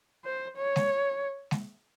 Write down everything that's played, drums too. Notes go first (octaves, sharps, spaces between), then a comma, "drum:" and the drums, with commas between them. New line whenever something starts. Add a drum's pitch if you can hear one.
C5
C#5
drum: snare G#3
drum: snare G#3